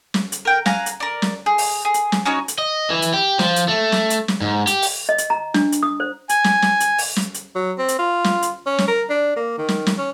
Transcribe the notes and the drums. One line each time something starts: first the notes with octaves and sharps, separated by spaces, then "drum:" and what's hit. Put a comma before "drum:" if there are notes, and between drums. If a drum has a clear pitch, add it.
drum: snare
drum: hi-hat
A#4 G5
F5 F#5 G#5 A#5, drum: snare
drum: hi-hat
A#4 D5
drum: snare
G#4
drum: open hi-hat
G#4
drum: hi-hat
drum: snare
C#4 D#4 F#4 C#5
drum: hi-hat
D#5
E3
drum: hi-hat
G4
F3, drum: snare
drum: hi-hat
A3
drum: snare
drum: hi-hat
drum: snare
G#2
G4, drum: hi-hat
drum: open hi-hat
D#5
drum: hi-hat
A#5
D4, drum: snare
drum: hi-hat
D#6
C5
G#5, drum: hi-hat
drum: snare
drum: snare
drum: hi-hat
drum: open hi-hat
drum: snare
drum: hi-hat
F#3
C4
drum: hi-hat
F4
drum: snare
drum: hi-hat
C#4
drum: snare
A#4
D4
A#3
D#3
drum: snare
drum: snare
C#4